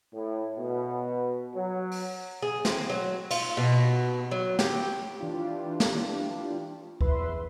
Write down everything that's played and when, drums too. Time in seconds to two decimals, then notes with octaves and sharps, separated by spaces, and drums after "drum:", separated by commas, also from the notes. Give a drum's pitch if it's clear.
0.14 A2
0.58 B2
1.55 F#3
1.92 drum: open hi-hat
2.42 G#4
2.65 C4, drum: snare
2.89 F#3
3.31 F4, drum: cymbal
3.57 B2
4.31 F#3
4.59 G4, drum: snare
5.19 E3 D4 F4 G4
5.80 drum: snare
7.01 E2 B4 E5 C6, drum: kick C#2